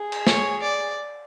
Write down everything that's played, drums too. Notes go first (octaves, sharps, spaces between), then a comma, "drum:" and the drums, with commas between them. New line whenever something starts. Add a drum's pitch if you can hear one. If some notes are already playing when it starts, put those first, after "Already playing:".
Already playing: G#4
drum: cymbal
C#5, drum: snare
D5